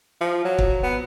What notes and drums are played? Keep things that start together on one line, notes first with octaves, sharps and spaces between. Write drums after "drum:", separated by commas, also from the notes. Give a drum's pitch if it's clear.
F3
F#3
drum: kick
B3